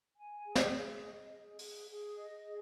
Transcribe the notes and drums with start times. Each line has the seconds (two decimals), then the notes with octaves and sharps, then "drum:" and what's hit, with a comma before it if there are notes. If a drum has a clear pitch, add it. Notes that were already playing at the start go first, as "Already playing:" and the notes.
0.16 G#5
0.45 G#4
0.55 drum: snare
0.73 G#4
1.02 D#5
1.31 G#4
1.59 G#4, drum: open hi-hat
1.88 G#4
2.16 D#5
2.44 G#4